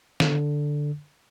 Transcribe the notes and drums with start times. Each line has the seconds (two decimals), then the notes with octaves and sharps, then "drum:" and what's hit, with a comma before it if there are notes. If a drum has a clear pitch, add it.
0.20 D3, drum: snare